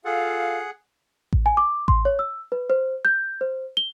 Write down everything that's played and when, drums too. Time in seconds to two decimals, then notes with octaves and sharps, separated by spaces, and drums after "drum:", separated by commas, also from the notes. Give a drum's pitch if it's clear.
0.05 F4 G#4 A4 F5 F#5
1.33 drum: kick A1
1.46 G#5
1.57 D6
1.88 C6, drum: kick A1
2.05 C#5
2.19 E6
2.52 B4
2.70 C5
3.05 G6
3.41 C5
3.77 G7